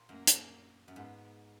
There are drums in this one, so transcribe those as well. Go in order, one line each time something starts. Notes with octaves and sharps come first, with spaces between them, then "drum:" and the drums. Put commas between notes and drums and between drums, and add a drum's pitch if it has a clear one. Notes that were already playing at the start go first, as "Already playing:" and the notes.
Already playing: A#2
F#2 A#3
drum: hi-hat
F#2
G#2 B3